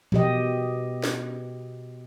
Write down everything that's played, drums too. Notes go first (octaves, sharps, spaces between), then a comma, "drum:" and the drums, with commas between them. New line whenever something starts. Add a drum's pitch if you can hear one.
B2 G4 D#5, drum: tom E3
drum: snare